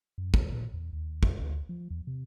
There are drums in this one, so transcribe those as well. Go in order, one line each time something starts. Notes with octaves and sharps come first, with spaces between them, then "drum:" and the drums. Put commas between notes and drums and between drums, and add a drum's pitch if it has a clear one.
F#2
D#2, drum: kick
A#2
E2
D#2
F2, drum: kick
D2
F3
E2
C3